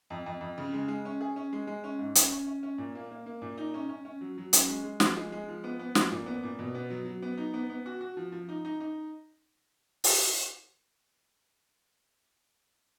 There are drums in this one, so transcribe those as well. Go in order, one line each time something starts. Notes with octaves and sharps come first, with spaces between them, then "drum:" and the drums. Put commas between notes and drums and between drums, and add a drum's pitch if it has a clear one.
F2
F2
F2
C#3
G#3
G#3
C#4
G#4
C#4
G#3
G#3
C#4
G#2
C#4, drum: hi-hat
C#4
C#4
C#4
A#2
A#3
A#3
A#3
A#2
D#4
C#4
C#4
C#4
F#3
F#3
C#4, drum: hi-hat
G#3
G#3
F3, drum: snare
G#3
G#3
F3
B3
B3
F3, drum: snare
A#2
B3
A#2
B2
B3
F#3
F#3
B3
D#4
B3
B3
F#4
F#4
F3
F3
D#4
D#4
D#4
drum: open hi-hat